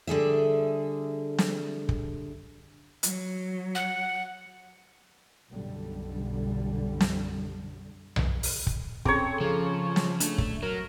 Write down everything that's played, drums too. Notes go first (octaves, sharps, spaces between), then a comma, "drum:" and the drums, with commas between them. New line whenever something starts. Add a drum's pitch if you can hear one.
D3 G3 G#4 E5
drum: snare
drum: kick
F#3, drum: hi-hat
F#5
B1 F#2 D3 G3
drum: snare
drum: tom B1
drum: open hi-hat
drum: kick
C4 C#4 G#4 A4 C#5 A#5 D6, drum: kick
C#3 F3
drum: snare
A3 D4, drum: hi-hat
drum: kick
F#3 A#4